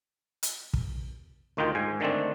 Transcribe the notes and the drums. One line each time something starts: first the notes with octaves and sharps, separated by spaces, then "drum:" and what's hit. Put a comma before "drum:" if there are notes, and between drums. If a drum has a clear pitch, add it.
drum: hi-hat
drum: kick
D2 D#3 D#4 F4 G5
G#2 G#5
D3 D#3 A3 C4 D4